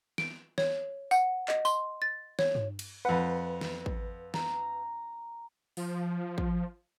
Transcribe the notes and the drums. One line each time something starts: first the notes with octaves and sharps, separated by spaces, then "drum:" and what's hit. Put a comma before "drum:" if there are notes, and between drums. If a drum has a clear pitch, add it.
D7, drum: snare
C#5, drum: snare
F#5, drum: tambourine
D#5, drum: clap
C6, drum: tambourine
A6
C#5, drum: snare
drum: tom G2
drum: cymbal
F2 B4 F#5
drum: snare
drum: kick
A#5, drum: snare
F3, drum: open hi-hat
drum: kick